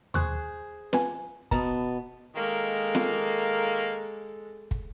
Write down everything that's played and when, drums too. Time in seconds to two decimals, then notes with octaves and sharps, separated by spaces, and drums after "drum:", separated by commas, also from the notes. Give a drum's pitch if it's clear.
0.14 G#4 C5 C#6 F#6, drum: tom D#2
0.93 B4 G#5, drum: snare
1.51 B2 B3 A5 A#5, drum: kick
2.35 D#3 G#3 A#3 A4
2.95 drum: snare
4.71 drum: kick